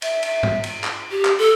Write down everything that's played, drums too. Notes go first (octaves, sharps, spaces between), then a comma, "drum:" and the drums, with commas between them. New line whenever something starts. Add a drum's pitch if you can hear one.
E5, drum: cymbal
drum: cymbal
drum: tom G#2
drum: cymbal
drum: clap
G4
drum: clap
A4